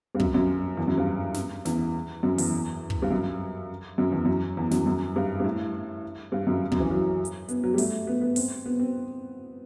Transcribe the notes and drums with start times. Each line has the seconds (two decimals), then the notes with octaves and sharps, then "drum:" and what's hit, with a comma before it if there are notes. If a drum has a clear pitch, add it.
0.15 G2
0.20 F#2, drum: kick
0.34 F#2
0.77 E2
0.87 F#2
0.98 G2
1.34 drum: snare
1.65 E2, drum: snare
2.23 F#2
2.38 E2, drum: open hi-hat
2.90 drum: kick
3.02 G2
3.11 F#2
3.98 F#2
4.12 E2
4.25 F#2
4.57 E2
4.71 F#2, drum: snare
4.86 F#2
5.16 G2
5.40 G2
5.44 A2
6.32 G2
6.47 F#2
6.72 F#2, drum: kick
6.80 E3
6.91 F#3
7.25 drum: hi-hat
7.48 B3, drum: hi-hat
7.64 F#3
7.74 G3
7.78 A3, drum: open hi-hat
8.07 B3
8.21 B3
8.36 C4, drum: open hi-hat
8.66 B3
8.80 C4